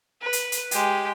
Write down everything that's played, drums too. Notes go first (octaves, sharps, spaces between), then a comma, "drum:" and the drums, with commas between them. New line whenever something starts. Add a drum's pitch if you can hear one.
B4
drum: hi-hat
drum: hi-hat
G#3 G4, drum: hi-hat